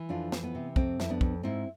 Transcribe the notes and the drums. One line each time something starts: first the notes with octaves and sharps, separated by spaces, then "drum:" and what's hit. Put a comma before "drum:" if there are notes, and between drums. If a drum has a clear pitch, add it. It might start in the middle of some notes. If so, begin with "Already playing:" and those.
Already playing: E3
F2 D4 F4
E3, drum: snare
B3
C3
F2 C4, drum: kick
F2 E4, drum: snare
B3 D4
F2, drum: kick
G#2 C4 E4